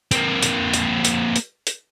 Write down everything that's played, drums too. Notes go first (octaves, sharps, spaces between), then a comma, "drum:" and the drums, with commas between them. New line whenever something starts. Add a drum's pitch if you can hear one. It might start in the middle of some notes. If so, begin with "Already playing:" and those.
A#3 C4, drum: hi-hat
drum: hi-hat
drum: hi-hat
drum: hi-hat
drum: hi-hat
drum: hi-hat